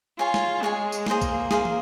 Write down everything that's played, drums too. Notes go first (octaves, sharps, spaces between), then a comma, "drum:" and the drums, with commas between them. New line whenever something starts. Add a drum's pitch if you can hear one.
F4 G#4 C#5 G#5
drum: snare
G#3 G#4 C#5 G#5
drum: tambourine
A#3 G#4 C5 F5, drum: snare
drum: kick B1, tambourine
G#4 C5 F5, drum: snare
drum: tom